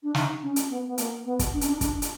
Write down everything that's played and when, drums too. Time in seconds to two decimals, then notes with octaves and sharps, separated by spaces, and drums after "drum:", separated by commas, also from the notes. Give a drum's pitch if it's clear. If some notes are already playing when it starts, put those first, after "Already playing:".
0.03 D4
0.15 D#4, drum: snare
0.42 C#4
0.56 drum: hi-hat
0.69 B3
0.86 B3
0.98 A#3, drum: hi-hat
1.25 B3
1.39 drum: kick, hi-hat
1.53 D4
1.61 C#4, drum: hi-hat
1.69 D4
1.77 D#4
1.81 D4, drum: kick, hi-hat
2.02 drum: hi-hat